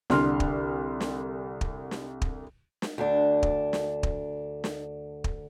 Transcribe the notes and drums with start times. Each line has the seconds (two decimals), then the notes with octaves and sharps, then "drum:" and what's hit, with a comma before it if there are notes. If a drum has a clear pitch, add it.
0.10 C2 D3 C6 F6, drum: snare
0.40 drum: kick
1.01 drum: snare
1.61 drum: kick
1.91 drum: snare
2.22 drum: kick
2.82 drum: snare
2.98 D2 D4
3.43 drum: kick
3.73 drum: snare
4.03 drum: kick
4.64 drum: snare
5.24 drum: kick